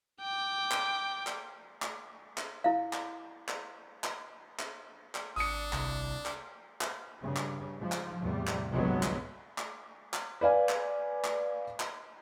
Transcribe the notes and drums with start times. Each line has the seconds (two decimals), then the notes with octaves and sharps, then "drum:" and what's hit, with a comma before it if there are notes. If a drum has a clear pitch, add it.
0.21 G5 D6
0.71 drum: clap
1.27 drum: clap
1.82 drum: clap
2.38 drum: clap
2.64 E4 F5
2.93 drum: clap
3.49 drum: clap
4.04 drum: clap
4.59 drum: clap
5.15 drum: clap
5.36 G#1 D4 D#6 C#7
5.73 C2, drum: clap
6.26 drum: clap
6.81 drum: clap
7.23 G2 C#3
7.37 drum: clap
7.78 G#2 F3
7.92 drum: clap
8.20 E2 A2 C3 G3
8.47 drum: clap
8.73 G1 C2 G#2 F#3 G#3 B3
9.03 drum: clap
9.58 drum: clap
10.14 drum: clap
10.41 B4 D5 F5 G#5
10.69 drum: clap
11.25 drum: clap
11.80 drum: clap